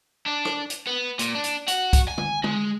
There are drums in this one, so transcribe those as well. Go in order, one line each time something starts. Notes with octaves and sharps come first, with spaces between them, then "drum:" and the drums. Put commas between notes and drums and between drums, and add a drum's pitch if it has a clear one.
D4
drum: rim click
drum: hi-hat
B3
A#2, drum: hi-hat
D4
drum: hi-hat
F#4, drum: hi-hat
drum: kick B1, hi-hat
G#5
drum: tom
G#3, drum: tom